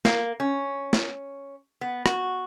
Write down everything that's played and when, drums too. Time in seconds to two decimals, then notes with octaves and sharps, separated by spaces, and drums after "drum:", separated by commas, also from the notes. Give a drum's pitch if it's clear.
0.05 A#3, drum: snare
0.40 C#4
0.93 drum: snare
1.81 B3
2.06 F#4, drum: rim click